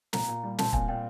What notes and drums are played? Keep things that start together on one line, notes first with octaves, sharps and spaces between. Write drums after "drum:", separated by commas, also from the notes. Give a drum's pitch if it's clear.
A#2 A#5, drum: snare
A#2
G3
C4 A5, drum: snare
A#2 G#5, drum: kick
A#2 G5